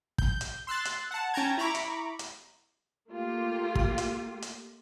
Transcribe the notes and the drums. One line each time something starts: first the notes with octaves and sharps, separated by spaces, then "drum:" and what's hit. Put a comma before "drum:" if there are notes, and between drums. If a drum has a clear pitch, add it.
G6, drum: kick
drum: hi-hat
C6 E6 F#6 A6
drum: hi-hat
F#5 A5
C#4 G5 A5 A#5 G#6
E4 A#5 B5 C#6 D6
drum: hi-hat
drum: hi-hat
A3 A#3 F4 G4
drum: kick
drum: hi-hat
drum: hi-hat